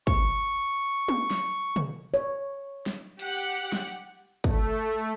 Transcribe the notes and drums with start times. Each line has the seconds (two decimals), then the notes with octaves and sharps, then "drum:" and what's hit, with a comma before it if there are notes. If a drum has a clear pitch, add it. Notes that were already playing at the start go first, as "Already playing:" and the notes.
0.07 C#6, drum: kick
1.08 drum: tom
1.31 drum: snare
1.76 drum: tom
2.14 C#5
2.86 drum: snare
3.19 G4 F#5 F#6, drum: cymbal
3.72 drum: snare
4.44 A3, drum: kick